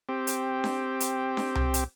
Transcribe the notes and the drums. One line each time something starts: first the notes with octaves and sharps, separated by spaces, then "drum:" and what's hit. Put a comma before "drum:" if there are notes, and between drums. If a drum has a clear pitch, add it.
C4 G4
drum: hi-hat
drum: snare D4
drum: hi-hat
drum: snare D4
drum: tom C2
drum: hi-hat